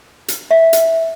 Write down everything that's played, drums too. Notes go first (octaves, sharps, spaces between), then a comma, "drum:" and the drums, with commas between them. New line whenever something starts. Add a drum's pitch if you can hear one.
drum: hi-hat
E5
drum: hi-hat